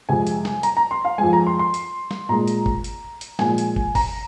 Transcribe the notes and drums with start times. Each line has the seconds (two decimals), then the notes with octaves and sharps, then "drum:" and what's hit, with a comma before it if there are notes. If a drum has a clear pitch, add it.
0.09 F2 C3 G#3 G#5
0.27 drum: hi-hat
0.45 drum: snare
0.63 A#5, drum: hi-hat
0.77 A#5
0.91 C6
1.05 F5
1.18 F2 F3 G#3 G#5
1.33 A#5
1.47 C6
1.59 C6
1.74 drum: hi-hat
2.11 drum: snare
2.29 A#2 G#3 A#5
2.48 drum: hi-hat
2.66 drum: kick
2.84 drum: hi-hat
3.21 drum: hi-hat
3.39 A#2 F3 G#3 G#5, drum: snare
3.58 drum: hi-hat
3.76 drum: kick
3.95 A#5, drum: kick, open hi-hat